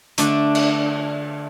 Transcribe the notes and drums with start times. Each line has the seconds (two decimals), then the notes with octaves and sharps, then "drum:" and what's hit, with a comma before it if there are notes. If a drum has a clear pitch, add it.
0.18 D3 A3 D4, drum: hi-hat
0.55 drum: cymbal